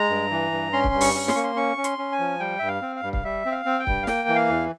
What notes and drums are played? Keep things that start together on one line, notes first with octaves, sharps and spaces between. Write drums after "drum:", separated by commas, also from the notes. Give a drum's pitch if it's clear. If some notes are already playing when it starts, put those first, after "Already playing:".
Already playing: G#3 A#5
G2
E3
G2
C#4 C6
drum: kick
G2
C#6, drum: open hi-hat
C#4
C6, drum: snare
A#3 C#6
C6
C#4 C#6
C#4
C6, drum: hi-hat
C#4
G#5
F3
G3 G5
G2 E5
F5
C4
F5
G2
F5, drum: kick
G3 E5
C4
F5
C4
G5
G2, drum: kick
F5
A#3 G5, drum: snare
E3
F5
E2